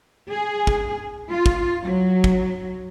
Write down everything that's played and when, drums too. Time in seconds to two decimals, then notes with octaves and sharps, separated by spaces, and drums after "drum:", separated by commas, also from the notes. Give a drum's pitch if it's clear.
0.30 G#4
0.67 drum: kick
1.29 F4
1.46 drum: kick
1.85 F#3
2.24 drum: kick